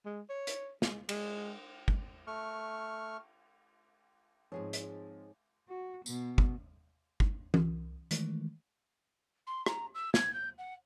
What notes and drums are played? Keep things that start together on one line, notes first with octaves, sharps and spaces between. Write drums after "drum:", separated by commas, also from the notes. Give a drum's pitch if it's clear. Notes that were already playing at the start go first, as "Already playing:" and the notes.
G#3
C#5
drum: hi-hat
G#3, drum: snare
G#3, drum: cymbal
drum: kick
A3 C#6 F6
G#2 F3 G#3 C4 G#4 C#5
drum: hi-hat
F#4
B2, drum: tambourine
drum: kick
drum: kick
C2, drum: tom E3
D#3 E3 G#3 A3, drum: hi-hat
C6
A#5, drum: rim click
E6
G#6, drum: snare
G6
F#5